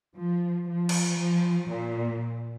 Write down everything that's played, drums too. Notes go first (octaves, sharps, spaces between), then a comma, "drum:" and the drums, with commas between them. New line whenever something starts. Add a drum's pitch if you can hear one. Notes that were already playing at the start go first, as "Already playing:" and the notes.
F3
F3
drum: cymbal
F3
A#2